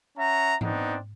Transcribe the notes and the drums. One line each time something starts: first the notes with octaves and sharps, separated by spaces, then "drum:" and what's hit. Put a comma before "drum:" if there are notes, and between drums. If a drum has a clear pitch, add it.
C#4 E5 F#5 A#5
B3 C4 D4 D#4, drum: tom G#2